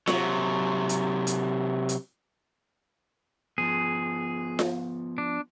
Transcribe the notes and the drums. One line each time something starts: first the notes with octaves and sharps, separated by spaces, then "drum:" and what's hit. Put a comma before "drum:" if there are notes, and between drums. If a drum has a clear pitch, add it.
C3 F#3, drum: snare F4
drum: hi-hat
drum: hi-hat
drum: hi-hat
F3 B3 G#4
drum: snare F4
D4